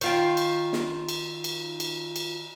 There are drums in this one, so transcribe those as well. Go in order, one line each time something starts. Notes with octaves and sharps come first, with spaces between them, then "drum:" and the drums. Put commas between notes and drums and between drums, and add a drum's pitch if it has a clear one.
D#3 F4 G5, drum: cymbal
drum: cymbal
drum: snare
drum: cymbal
drum: cymbal
drum: cymbal
drum: cymbal